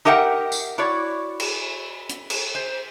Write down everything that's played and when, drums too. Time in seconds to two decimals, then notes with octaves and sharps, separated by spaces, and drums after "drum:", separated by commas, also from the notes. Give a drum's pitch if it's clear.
0.05 D#4 G4 A#4 E5 F#5 G5
0.52 drum: tambourine
0.78 E4 F#4 C#5 D5
1.40 drum: cymbal
2.09 drum: hi-hat
2.30 drum: cymbal
2.55 C5